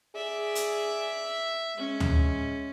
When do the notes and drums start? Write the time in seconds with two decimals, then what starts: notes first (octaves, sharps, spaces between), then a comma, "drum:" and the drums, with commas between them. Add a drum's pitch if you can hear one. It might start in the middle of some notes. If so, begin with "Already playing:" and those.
0.16 G#4 D5 E5
0.55 drum: hi-hat
1.77 G#3 C#4
2.00 drum: tom